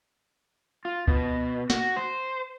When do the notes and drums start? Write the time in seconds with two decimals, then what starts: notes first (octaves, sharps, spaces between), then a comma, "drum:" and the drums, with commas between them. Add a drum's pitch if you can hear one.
0.85 F4
1.07 B2, drum: kick C#2
1.70 F#4, drum: snare
1.96 C5